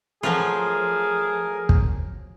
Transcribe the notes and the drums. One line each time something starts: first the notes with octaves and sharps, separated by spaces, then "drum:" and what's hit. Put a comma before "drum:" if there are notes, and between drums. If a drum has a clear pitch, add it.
F3 F#3 A3 F4 G#4 A#4
drum: kick